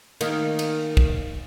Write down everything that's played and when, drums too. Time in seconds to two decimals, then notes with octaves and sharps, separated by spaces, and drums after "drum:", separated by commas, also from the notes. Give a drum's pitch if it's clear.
0.21 D#3 A#3, drum: cymbal
0.59 drum: cymbal
0.97 drum: kick